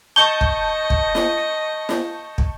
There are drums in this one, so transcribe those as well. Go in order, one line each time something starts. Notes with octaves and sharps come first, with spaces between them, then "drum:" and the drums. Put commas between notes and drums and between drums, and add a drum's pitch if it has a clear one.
D#5 A5 C#6 G6 G7
drum: kick
drum: kick
drum: snare
drum: snare
drum: kick